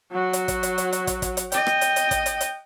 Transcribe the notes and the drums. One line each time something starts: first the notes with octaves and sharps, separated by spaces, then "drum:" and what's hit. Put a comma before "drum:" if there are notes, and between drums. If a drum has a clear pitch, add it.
F#3 F#4
drum: hi-hat
drum: kick, hi-hat
drum: hi-hat
drum: hi-hat
drum: hi-hat
drum: kick, hi-hat
drum: kick, hi-hat
drum: hi-hat
D#5 G5, drum: hi-hat
drum: rim click
drum: hi-hat
drum: hi-hat
drum: kick, hi-hat
drum: hi-hat
drum: hi-hat